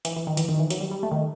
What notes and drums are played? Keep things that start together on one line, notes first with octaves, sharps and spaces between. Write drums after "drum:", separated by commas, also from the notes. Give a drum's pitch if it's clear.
E3, drum: hi-hat
E3
D#3
E3, drum: hi-hat
D#3
E3
F#3, drum: hi-hat
G3
G3
A3
D#3